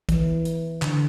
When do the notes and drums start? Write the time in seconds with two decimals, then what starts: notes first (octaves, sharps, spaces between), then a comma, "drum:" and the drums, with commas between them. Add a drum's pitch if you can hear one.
0.09 E3, drum: kick, hi-hat
0.45 drum: hi-hat
0.82 D3, drum: clap